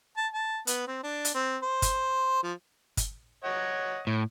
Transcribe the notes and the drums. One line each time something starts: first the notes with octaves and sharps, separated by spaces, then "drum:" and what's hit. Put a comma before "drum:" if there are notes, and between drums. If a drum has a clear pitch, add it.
A5
A5
B3, drum: hi-hat
C4
D4
drum: hi-hat
C4
C5
drum: kick G1, hi-hat
F3
drum: kick G1, hi-hat
C#5 D#5 F#5
A2